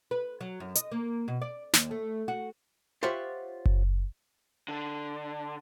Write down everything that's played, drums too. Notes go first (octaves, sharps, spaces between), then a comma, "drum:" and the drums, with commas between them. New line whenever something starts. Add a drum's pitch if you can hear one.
B4
F#3
F#2
D#5, drum: hi-hat
A#3
B2
D5
D#2, drum: snare
A3
F#4
F4 G4 C5 C#5 E5 F#5
drum: kick F#1
D3